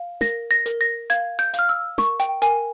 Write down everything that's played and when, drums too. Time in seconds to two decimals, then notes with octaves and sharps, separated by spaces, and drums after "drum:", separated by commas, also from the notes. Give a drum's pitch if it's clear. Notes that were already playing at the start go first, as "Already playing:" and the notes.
Already playing: F5
0.21 A#4 A#6, drum: snare
0.51 A#6
0.66 A#4, drum: hi-hat
0.81 A#6
1.10 F5 G#6, drum: hi-hat
1.39 G6
1.54 F5, drum: hi-hat
1.59 F6
1.69 E6
1.98 A#4 C#6, drum: snare
2.20 G5, drum: hi-hat
2.42 A#4 G#5, drum: hi-hat